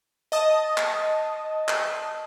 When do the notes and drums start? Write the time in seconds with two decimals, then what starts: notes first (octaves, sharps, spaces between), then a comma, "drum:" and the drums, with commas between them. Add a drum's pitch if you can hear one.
0.32 D#5 A5 D#6
0.77 drum: clap
1.68 drum: clap